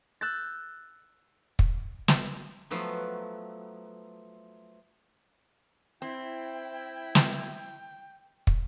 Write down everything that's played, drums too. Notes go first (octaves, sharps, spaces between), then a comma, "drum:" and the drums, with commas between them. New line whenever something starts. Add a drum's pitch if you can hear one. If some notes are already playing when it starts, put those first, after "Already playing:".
E6 F#6 G6 A6
drum: kick
drum: snare
F3 F#3 A3 B3
C4 E4 G5
drum: snare
drum: kick